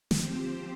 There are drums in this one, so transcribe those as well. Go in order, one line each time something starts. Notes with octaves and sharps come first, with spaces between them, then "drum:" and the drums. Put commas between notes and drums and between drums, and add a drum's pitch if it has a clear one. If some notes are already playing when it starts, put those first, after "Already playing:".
F3 C4 G4 C5, drum: snare